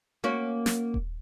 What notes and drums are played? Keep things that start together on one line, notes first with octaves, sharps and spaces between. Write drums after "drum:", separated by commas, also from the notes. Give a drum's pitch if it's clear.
A#3 C#4 F#4
drum: snare
drum: kick D#1